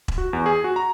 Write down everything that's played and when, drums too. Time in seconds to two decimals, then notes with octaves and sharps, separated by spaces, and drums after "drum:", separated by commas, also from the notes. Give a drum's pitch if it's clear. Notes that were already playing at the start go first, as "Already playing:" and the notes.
0.08 drum: kick E1
0.18 F#4
0.33 E2
0.46 G#4
0.64 F#4
0.76 A#5